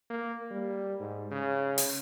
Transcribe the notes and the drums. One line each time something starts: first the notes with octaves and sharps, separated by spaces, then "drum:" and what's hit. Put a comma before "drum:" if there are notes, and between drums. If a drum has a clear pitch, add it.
A#3
G3
G#2
C#3
drum: open hi-hat